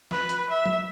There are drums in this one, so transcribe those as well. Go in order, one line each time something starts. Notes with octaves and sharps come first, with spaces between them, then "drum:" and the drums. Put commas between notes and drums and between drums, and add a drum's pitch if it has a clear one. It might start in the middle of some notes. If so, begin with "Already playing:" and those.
B4, drum: snare
drum: hi-hat
E5
drum: tom F#3